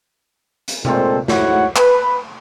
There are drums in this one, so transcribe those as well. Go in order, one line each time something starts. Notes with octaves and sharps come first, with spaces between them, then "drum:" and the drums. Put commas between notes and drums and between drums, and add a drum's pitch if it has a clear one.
drum: hi-hat
A#2 G#3 A3 C4 A4 C5, drum: tom C3
G#2 A3 E4 F#4 C#5 F#5, drum: snare
B4, drum: clap